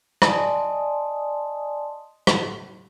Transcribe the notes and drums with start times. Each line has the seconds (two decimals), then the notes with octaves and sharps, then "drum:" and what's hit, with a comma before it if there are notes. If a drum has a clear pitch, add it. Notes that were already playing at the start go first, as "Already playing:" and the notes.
0.22 D5 D#5 G#5 A5 C6 D#6, drum: rim click
2.27 drum: rim click